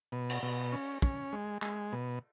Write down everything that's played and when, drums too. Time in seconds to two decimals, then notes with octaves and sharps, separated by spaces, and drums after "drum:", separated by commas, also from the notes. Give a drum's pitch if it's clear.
0.12 B2
0.30 drum: cymbal
0.43 B2
0.72 C#4
1.02 C#4, drum: kick
1.33 G#3
1.62 G#3, drum: clap
1.92 B2